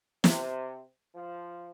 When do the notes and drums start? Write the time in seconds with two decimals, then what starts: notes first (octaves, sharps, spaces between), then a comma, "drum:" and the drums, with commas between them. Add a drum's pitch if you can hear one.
0.24 C3, drum: snare
1.14 F3